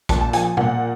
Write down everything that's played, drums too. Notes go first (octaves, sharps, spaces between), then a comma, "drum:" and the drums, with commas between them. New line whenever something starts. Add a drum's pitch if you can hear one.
A#2 A5, drum: kick, hi-hat
A5
F3 G#5, drum: hi-hat
A#2 F#5, drum: tom